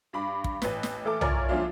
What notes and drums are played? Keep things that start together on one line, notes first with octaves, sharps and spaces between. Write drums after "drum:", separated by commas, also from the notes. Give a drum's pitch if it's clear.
G2 B5 D6
drum: kick
A1 B4, drum: snare
drum: snare
E3 A3 A4 A#4 D6
E4 F4 A#4 C#5 D5 G#5, drum: tom
F3 A#3 C#4 D4 E4 F4